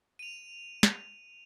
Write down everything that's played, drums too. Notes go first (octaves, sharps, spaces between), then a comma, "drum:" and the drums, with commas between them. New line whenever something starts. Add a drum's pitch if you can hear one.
D#7 F7
drum: snare